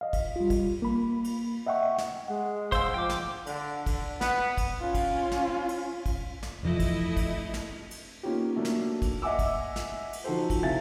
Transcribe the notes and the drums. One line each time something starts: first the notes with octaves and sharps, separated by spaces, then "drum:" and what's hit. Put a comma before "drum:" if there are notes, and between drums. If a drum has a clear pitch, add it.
D#5 F5
drum: kick, cymbal
G3 F4
drum: kick, cymbal
A#3 B5
drum: cymbal
D#5 E5 F#5 G5 C#6
drum: snare
G#3 F#5
C5 F5 E6, drum: kick, cymbal
F3 G5 D6
drum: snare
D3, drum: cymbal
D3, drum: kick, cymbal
B3, drum: snare
drum: kick, cymbal
C#4 F4
drum: kick, cymbal
drum: snare
drum: cymbal
drum: kick, cymbal
drum: snare
F1 E3 F3 A3 E4 D#5
drum: kick, cymbal
drum: kick, cymbal
drum: snare
drum: cymbal
A#3 B3 C#4 D#4 F4 G4
F#3 A3 A#3 D4
drum: snare
drum: kick, cymbal
D#5 E5 F#5 G#5 D6 E6
drum: kick, cymbal
drum: snare
drum: cymbal
F3 D#4 F#4 A4 C5
drum: kick, cymbal
C3 E4 E5 F5 G#5 A6